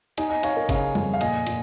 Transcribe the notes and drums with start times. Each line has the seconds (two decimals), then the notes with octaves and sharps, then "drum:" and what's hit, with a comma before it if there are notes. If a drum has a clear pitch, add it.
0.18 D#4 D#5 G#5, drum: cymbal
0.30 D#5 G#5
0.43 D#4 C#5 F5, drum: cymbal
0.55 A#4 D#5
0.69 C#3 C#5 F5, drum: kick G1, cymbal
0.95 F2, drum: tom G3
1.14 F5
1.21 A#2 D#5 G#5, drum: cymbal
1.47 A#2, drum: cymbal